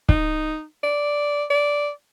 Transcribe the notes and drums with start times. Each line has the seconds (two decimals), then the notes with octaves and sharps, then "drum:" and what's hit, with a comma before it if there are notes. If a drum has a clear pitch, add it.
0.09 D#4, drum: kick
0.83 D5
1.50 D5